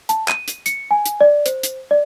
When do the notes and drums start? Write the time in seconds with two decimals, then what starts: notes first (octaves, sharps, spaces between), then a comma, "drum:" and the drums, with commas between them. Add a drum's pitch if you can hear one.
0.09 A5, drum: hi-hat
0.28 D#7, drum: clap
0.48 drum: hi-hat
0.66 C#7, drum: hi-hat
0.91 G#5
1.06 drum: hi-hat
1.21 D5
1.46 C5, drum: hi-hat
1.63 drum: hi-hat
1.91 D5